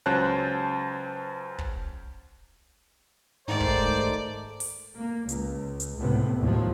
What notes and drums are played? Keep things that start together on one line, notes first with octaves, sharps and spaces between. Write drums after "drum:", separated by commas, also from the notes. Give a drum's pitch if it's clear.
C#2 F#3 C#4 C5 A5 F#6
drum: kick
G#2 D#3 A3 C5 D5 A5
drum: kick
drum: open hi-hat
A#3
C#2, drum: hi-hat
drum: hi-hat
C#2 A2 C3 B3
D#2 A2 F3 F#3